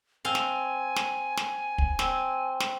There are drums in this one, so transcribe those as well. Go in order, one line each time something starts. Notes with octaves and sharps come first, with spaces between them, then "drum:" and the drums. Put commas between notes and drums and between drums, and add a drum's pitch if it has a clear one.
C4 F5 G#5
drum: snare
drum: snare
drum: snare
drum: kick
C4, drum: snare
drum: snare